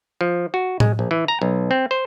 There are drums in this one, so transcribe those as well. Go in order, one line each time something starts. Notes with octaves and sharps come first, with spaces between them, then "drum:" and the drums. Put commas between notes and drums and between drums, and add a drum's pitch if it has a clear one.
F3
F#4
G#3, drum: tom A2
A#1
E3
A#5
B1
C4
C5